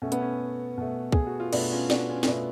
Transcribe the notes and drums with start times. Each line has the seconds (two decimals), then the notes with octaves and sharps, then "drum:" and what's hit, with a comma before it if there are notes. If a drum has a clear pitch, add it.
0.02 B2 A3 C#4
0.12 B3, drum: hi-hat
0.21 C#4
0.78 B2 A3
1.12 G#4, drum: kick C2
1.27 F#4
1.40 F4
1.53 B2 A3 B3 D4, drum: cymbal
1.72 C#4 F4
1.90 D4 F#4, drum: snare
2.09 C#4 F4
2.23 F4, drum: snare
2.27 B2 A3 B3 D4